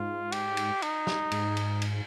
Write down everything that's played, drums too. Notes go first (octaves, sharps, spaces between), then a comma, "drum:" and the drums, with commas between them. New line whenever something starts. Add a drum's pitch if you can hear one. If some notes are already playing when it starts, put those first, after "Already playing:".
Already playing: G#2 F4
G4, drum: cymbal
drum: cymbal
D#4, drum: cymbal
drum: snare
G#2, drum: cymbal
drum: cymbal
drum: cymbal